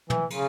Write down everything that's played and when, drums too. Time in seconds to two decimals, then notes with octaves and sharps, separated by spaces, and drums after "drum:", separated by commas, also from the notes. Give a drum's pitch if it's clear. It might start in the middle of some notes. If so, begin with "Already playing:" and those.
0.10 E3, drum: tom
0.30 C#3, drum: cymbal